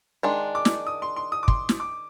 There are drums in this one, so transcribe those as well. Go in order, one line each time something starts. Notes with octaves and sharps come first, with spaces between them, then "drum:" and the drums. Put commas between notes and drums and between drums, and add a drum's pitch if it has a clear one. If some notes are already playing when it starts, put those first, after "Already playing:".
D#3 G#3 D4 C6
D6
drum: snare
D#6
C6
C6
D#6
D6
C6, drum: kick
drum: snare
D6